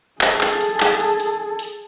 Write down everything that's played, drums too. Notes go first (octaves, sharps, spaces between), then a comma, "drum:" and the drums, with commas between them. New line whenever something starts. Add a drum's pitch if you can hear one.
G#4 A4, drum: clap
drum: clap
drum: hi-hat
drum: clap
drum: hi-hat
drum: hi-hat
drum: hi-hat